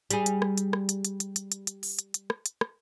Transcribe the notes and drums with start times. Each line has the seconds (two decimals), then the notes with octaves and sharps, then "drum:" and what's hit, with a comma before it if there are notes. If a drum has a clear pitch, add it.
0.11 G3 G#4, drum: hi-hat
0.26 drum: hi-hat
0.42 drum: rim click
0.58 drum: hi-hat
0.73 drum: rim click
0.89 drum: hi-hat
1.05 drum: hi-hat
1.20 drum: hi-hat
1.36 drum: hi-hat
1.52 drum: hi-hat
1.67 drum: hi-hat
1.83 drum: open hi-hat
1.99 drum: hi-hat
2.14 drum: hi-hat
2.30 drum: rim click
2.46 drum: hi-hat
2.61 drum: rim click